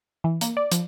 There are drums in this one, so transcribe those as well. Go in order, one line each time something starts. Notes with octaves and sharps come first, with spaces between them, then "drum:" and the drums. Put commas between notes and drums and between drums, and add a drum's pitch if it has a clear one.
E3
A#3, drum: hi-hat
D5
F3, drum: hi-hat